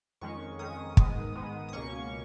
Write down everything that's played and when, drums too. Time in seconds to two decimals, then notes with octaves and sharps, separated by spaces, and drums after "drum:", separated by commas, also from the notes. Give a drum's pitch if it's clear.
0.21 F2 D#3 G#3 C#4 C#6
0.59 F2 D#3 G#3 C#4 D#6
0.97 G#2 D#3 G#3 B3, drum: kick
1.35 G#2 D#3 G#3 B3
1.69 D#6
1.73 C#2 B2 A#3 C#4 C#6